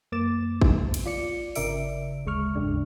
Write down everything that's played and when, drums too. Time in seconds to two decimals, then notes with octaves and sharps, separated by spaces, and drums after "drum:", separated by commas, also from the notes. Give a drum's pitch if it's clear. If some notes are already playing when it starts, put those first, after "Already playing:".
0.12 F#2 A#3 D6 A6 E7
0.62 drum: kick A1
0.94 drum: cymbal
1.05 F4 D5 C#7
1.55 G#1 C#3 A#4 D5 E5 D7, drum: open hi-hat
2.25 G1 D2 G#3 C#6 F6
2.55 G1 D#2 G#2 C#3 G#3 D4